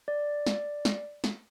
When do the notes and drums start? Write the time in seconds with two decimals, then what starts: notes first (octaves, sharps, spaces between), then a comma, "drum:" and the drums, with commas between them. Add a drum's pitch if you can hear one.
0.08 D5
0.47 drum: snare
0.85 drum: snare
1.24 drum: snare